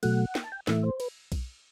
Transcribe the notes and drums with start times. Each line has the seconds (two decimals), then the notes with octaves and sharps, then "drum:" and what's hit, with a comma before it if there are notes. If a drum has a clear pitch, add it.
0.03 B2 F#3 A3 F#5, drum: cymbal
0.35 G5, drum: snare
0.44 A5
0.52 G5
0.67 A2 E3 A3 E5, drum: snare
0.83 C5
1.00 B4, drum: cymbal
1.32 drum: kick B1, cymbal